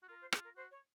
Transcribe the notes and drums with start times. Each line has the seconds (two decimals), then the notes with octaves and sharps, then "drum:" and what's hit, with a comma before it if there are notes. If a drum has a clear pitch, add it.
0.03 F#4
0.08 F4 A#4
0.21 C5
0.32 F4 G#4, drum: rim click
0.44 A#4
0.56 F#4 C5
0.71 C#5